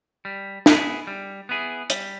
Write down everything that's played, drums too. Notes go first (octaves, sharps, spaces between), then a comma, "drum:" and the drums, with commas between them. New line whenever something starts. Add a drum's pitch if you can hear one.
G3
B3 E4 G#4, drum: snare
G3
B3 E4 G#4
G3, drum: hi-hat